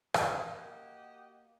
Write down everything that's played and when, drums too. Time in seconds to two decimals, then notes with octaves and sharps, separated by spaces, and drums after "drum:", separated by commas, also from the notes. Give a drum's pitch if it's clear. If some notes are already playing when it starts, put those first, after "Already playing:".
0.14 C#3, drum: rim click
0.44 A#3 F#4 G4 D#5